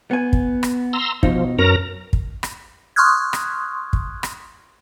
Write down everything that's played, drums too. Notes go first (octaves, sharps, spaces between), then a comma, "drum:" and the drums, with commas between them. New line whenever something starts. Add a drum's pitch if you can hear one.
B3 G#5
drum: kick
drum: rim click
A#5 C6 E6
B2 F3 D#4, drum: kick
F#2 C#4 A#4 B4 A#5
drum: kick
drum: rim click
C6 C#6 D#6 F6 F#6 G#6
drum: rim click
drum: kick
drum: rim click